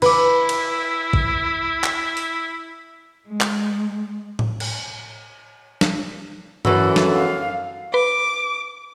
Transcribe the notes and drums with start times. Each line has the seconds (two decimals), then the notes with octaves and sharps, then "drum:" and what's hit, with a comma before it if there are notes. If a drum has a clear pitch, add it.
0.02 E4 B4 D6, drum: cymbal
0.49 drum: cymbal
1.13 drum: kick A1
1.84 drum: clap
2.17 drum: open hi-hat
3.28 G#3
3.41 drum: clap
4.39 drum: tom A2
4.60 drum: cymbal
5.81 drum: snare
6.65 F#2 E3 F#4 A4, drum: tom G2
6.96 drum: snare
7.16 F5
7.94 B4 D6